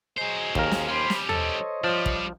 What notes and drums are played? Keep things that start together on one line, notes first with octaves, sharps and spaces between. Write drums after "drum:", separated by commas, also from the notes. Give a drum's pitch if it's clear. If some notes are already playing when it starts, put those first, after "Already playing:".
F#3 G#4 C5 D#5 G#5
D#2 G#4 A#4 F5, drum: kick
drum: snare
G3 C#4 C5 B5 C6
drum: snare
A4 C5 C#5 D#5, drum: tom
F3 G3 D4
drum: kick